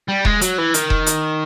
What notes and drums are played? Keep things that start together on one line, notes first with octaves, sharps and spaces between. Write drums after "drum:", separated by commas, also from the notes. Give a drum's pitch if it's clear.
G3
G#3, drum: kick E1
F#3, drum: hi-hat
E3
D#3, drum: hi-hat
drum: kick E1
drum: hi-hat